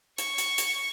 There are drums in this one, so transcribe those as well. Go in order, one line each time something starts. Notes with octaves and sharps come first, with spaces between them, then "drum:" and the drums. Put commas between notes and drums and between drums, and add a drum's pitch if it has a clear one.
C#6, drum: hi-hat
drum: hi-hat
drum: hi-hat